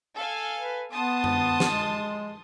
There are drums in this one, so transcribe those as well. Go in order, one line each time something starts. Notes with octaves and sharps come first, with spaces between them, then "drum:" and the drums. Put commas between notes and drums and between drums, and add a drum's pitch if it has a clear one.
A4 F5 G#5
B4
B3 A5 C6 D#6
drum: tom
drum: snare
G#3